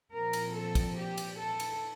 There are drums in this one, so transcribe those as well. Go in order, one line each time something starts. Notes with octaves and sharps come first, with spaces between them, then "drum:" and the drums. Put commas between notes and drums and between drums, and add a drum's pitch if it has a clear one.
A#2 F3 C4 A#4
drum: cymbal
A4
drum: kick, cymbal
G4
drum: cymbal
A4
drum: cymbal